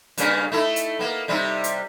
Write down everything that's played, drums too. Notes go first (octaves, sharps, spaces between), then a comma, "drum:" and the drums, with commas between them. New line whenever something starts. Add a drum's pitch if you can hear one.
G2 C#3 A#3, drum: hi-hat
A3 D#4 E4
drum: hi-hat
A#3 B3
C3 G3 D#4
drum: hi-hat